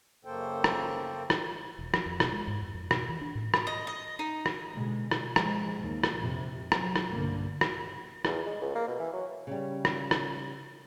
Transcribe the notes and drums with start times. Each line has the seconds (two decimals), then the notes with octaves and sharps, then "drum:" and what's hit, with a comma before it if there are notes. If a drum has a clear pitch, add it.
0.25 F#2 C#3 A#3 A4 C5 G5
0.64 drum: rim click
1.30 drum: rim click
1.79 E1
1.94 F3, drum: rim click
2.06 F2
2.20 B2, drum: rim click
2.32 G#3
2.48 G#2
2.62 F2
2.75 F2
2.91 B2, drum: rim click
3.09 E3
3.21 D4
3.35 A2
3.54 drum: rim click
3.67 D#5
3.87 D#5
4.19 D#4
4.46 drum: rim click
4.73 B2 D3 G#3
5.11 drum: rim click
5.36 F3 G#3, drum: rim click
5.80 D#2
6.04 drum: rim click
6.16 A#1 F2 C3
6.72 F3 F#3, drum: rim click
6.96 drum: rim click
7.11 B1 G2 D3 A#3
7.61 drum: rim click
8.25 E2, drum: rim click
8.46 G#3
8.61 C#2
8.75 A#3
8.88 B2
8.99 E3
9.13 F#3
9.47 C#3 G3
9.85 drum: rim click
10.11 drum: rim click